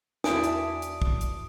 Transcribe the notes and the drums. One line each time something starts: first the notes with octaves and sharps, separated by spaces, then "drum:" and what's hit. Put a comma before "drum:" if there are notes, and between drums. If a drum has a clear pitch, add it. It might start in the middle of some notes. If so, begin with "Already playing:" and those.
E2 D4 E4 F#4 B4 D5 D#6 D7, drum: snare
drum: hi-hat
drum: hi-hat
drum: kick
drum: hi-hat